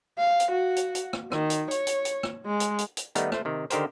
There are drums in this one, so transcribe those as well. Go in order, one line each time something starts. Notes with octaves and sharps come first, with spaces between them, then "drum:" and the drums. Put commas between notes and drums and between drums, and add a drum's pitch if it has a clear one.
F5
drum: hi-hat
F#4
drum: hi-hat
drum: hi-hat
drum: rim click
D#3, drum: rim click
drum: hi-hat
C#5, drum: hi-hat
drum: hi-hat
drum: hi-hat
drum: rim click
G#3
drum: hi-hat
drum: hi-hat
drum: hi-hat
D#3 G3 A3 B3 D#4, drum: hi-hat
A3 C5, drum: rim click
C3 D#3
D3 D#3 G4 A#4 C5, drum: hi-hat